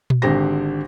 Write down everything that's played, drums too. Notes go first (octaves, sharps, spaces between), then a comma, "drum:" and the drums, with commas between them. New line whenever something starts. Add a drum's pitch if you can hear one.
drum: tom A#2
G#1 D3 G4 C5 A#6